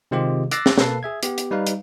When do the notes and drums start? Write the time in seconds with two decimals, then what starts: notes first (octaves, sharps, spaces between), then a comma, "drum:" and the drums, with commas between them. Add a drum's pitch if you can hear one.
0.11 C3 D#3 G#3 C4 F4 G4
0.51 D6 E6 F#6 A6 A#6 C7, drum: hi-hat
0.66 drum: snare
0.78 B2 A#3 A4 B4 A5 C7, drum: snare
1.03 G#4 E5 G#6
1.23 B3 G4, drum: hi-hat
1.38 drum: hi-hat
1.51 G3 D#4 B4 F5
1.67 drum: hi-hat